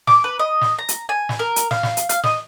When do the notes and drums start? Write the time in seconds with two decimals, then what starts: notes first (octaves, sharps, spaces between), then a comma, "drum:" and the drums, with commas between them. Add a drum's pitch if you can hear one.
0.07 D6, drum: snare
0.24 B4
0.39 D#5
0.61 drum: snare
0.78 A#5
0.89 drum: hi-hat
1.09 G#5
1.29 drum: snare
1.39 A#4
1.56 drum: hi-hat
1.71 F5, drum: snare
1.83 drum: snare
1.97 drum: hi-hat
2.09 F5, drum: hi-hat
2.24 D#5, drum: snare